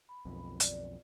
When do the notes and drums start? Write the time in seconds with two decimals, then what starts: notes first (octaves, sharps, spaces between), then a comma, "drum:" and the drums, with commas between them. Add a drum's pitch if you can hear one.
0.09 B5
0.25 B1 F2
0.60 D5, drum: hi-hat